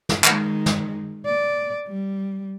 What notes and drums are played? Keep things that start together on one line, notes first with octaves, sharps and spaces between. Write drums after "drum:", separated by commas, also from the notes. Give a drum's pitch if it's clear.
drum: snare
D#3 G#3, drum: clap
drum: snare
D5
G3